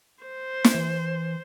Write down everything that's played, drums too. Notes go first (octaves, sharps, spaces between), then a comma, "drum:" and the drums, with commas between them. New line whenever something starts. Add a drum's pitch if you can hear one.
C5
drum: snare
E3